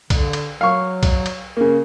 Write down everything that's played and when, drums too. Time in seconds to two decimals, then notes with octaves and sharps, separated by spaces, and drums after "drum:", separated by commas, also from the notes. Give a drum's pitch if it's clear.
0.10 D3, drum: kick B1, cymbal
0.33 drum: cymbal
0.61 F#3 F5 C#6
1.03 drum: kick B1, cymbal
1.26 drum: cymbal
1.57 C#3 A#3